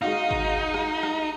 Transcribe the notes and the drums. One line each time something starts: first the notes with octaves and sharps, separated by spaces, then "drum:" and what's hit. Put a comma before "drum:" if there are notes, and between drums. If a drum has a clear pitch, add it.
G#3 D#4 F#4 F5
drum: kick
drum: rim click
drum: rim click